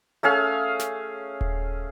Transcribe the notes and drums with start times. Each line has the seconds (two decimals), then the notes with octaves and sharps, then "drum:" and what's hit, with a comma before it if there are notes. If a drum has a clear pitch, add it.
0.23 A3 C#4 G#4 F5
0.79 drum: snare
1.41 drum: kick D#1